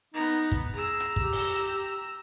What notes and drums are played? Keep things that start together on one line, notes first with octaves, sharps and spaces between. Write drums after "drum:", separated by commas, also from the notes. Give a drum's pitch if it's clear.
B3 D#4 A#5
drum: kick
G#4 A#5 E6
drum: hi-hat
G4, drum: kick
drum: open hi-hat